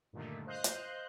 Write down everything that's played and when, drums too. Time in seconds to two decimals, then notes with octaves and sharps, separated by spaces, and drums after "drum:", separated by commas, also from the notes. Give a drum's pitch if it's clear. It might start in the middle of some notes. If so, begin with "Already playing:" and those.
0.13 G2 A#2 D3 D#3 A3
0.47 C5 D#5 F5 F#6 G6
0.64 drum: hi-hat